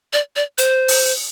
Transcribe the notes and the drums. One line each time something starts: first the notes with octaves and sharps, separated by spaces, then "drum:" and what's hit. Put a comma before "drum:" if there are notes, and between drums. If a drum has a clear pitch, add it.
D5
D5
C5, drum: hi-hat
drum: open hi-hat